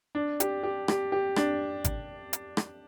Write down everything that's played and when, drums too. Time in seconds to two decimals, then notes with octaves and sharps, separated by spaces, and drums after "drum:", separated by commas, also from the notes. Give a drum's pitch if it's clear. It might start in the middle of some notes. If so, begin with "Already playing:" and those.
0.15 D4
0.40 G4, drum: hi-hat
0.63 G4
0.88 G4, drum: rim click
1.12 G4
1.36 D4, drum: rim click
1.84 drum: kick, hi-hat
2.33 drum: hi-hat
2.57 drum: rim click